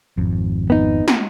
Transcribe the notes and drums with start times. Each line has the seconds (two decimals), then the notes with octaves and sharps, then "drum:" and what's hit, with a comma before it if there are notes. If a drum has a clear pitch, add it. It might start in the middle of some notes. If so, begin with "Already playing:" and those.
0.18 G#1 F2
0.70 B3 D#4
1.08 drum: snare